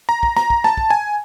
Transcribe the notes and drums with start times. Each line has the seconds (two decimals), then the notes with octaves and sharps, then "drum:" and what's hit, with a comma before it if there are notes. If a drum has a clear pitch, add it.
0.09 A#5
0.23 drum: kick
0.37 A#5, drum: snare
0.50 drum: kick
0.64 A5, drum: snare
0.77 drum: kick
0.90 G#5